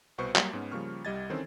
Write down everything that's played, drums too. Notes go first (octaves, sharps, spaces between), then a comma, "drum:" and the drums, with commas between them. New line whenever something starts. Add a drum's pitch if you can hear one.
C2 B2 B4 C5 C#6
F#3 G3 A#3, drum: clap
G#2 B3 C#4
C#3 F3 G3 A#3 C#6 F6
C2 G3 G4 D#5 G#6 A6
D#3 E3 C4 C#4 A4 C5